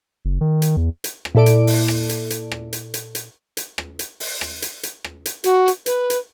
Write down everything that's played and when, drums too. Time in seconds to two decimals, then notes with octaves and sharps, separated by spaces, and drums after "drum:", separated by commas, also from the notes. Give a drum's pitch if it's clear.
0.25 F#1
0.41 D#3
0.62 drum: hi-hat
0.77 E2
1.04 drum: hi-hat
1.25 drum: rim click
1.35 A#2 E4 A4 D5 D7
1.46 drum: hi-hat
1.67 drum: open hi-hat
1.88 drum: rim click
2.09 drum: hi-hat
2.30 drum: hi-hat
2.52 drum: rim click
2.73 drum: hi-hat
2.94 drum: hi-hat
3.15 drum: hi-hat
3.57 drum: hi-hat
3.78 drum: rim click
3.99 drum: hi-hat
4.20 drum: open hi-hat
4.41 drum: rim click
4.62 drum: hi-hat
4.83 drum: hi-hat
5.04 drum: rim click
5.26 drum: hi-hat
5.44 F#4, drum: hi-hat
5.68 drum: hi-hat
5.86 B4, drum: hi-hat
6.10 drum: hi-hat